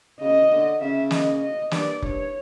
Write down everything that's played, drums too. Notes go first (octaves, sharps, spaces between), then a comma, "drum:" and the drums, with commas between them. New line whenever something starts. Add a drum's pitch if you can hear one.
C#3 D#5
D3
C#3 E5
D#5, drum: snare
D#5
G2 D5, drum: snare
G2 C#5, drum: kick F1